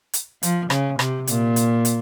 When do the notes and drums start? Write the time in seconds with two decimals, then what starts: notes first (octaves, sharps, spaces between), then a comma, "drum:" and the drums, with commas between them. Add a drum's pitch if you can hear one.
0.13 drum: hi-hat
0.43 F3, drum: hi-hat
0.70 C#3, drum: rim click
0.99 C3, drum: rim click
1.27 A#2, drum: hi-hat
1.56 drum: hi-hat
1.85 drum: hi-hat